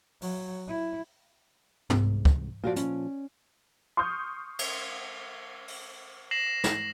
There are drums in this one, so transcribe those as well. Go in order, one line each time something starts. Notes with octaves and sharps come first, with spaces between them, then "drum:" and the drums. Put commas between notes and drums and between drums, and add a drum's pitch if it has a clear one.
F#3, drum: open hi-hat
E4
C2 G#2, drum: tom
drum: kick
A#2 F3 F4 F#4 D5
C#4, drum: hi-hat
C6 C#6 D#6 F6 G6
drum: cymbal
drum: open hi-hat
A#6 C7 E7 F#7
drum: snare